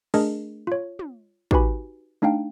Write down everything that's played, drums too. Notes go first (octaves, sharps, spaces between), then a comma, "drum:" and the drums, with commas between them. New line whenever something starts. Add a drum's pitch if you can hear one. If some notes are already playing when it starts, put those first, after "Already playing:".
A3 D4 G#4 A#4 D#5, drum: open hi-hat
F4 C#5
drum: tom
D#4 F#4 G4 B4 G#5 B5, drum: kick
A3 D4 D#4 F5 G5